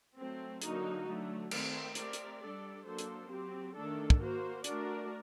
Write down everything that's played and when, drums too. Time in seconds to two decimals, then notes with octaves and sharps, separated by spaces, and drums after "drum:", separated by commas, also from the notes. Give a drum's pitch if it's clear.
0.16 F#3 A3 C4
0.62 D3 F#3 A#3 D#4 F#4, drum: hi-hat
1.06 D3 F#3 A3
1.51 D#3 A3 C4, drum: cymbal
1.95 A3 C4 G4 A#4 D5, drum: hi-hat
2.13 drum: hi-hat
2.41 G3 D4 A4 D5
2.85 F#3 A#3 D4 A4 C5
2.98 drum: hi-hat
3.30 F#3 C4 G4
3.75 D#3 A3 D4 A4
4.10 drum: kick
4.20 A#3 F#4 C5
4.64 A3 D4 F#4 A#4 D5, drum: hi-hat